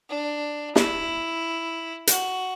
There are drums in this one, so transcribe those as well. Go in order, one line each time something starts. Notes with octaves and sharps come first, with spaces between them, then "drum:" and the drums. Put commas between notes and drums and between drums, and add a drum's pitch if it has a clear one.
D4
E4, drum: snare
F#4, drum: hi-hat